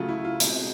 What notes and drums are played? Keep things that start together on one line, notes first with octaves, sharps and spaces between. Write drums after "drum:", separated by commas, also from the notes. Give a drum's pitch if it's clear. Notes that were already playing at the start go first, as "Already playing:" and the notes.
Already playing: C#3 F#3 A3 F4
E4
F4
B2 G#3 C4, drum: hi-hat